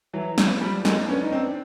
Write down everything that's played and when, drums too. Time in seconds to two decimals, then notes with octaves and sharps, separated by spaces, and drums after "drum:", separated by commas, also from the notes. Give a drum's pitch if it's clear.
0.13 E3 F#3
0.38 drum: snare
0.62 F3 G3
0.85 G#3 A#3, drum: snare
1.01 D4
1.09 B3 C#4
1.21 D#4
1.32 C4 D4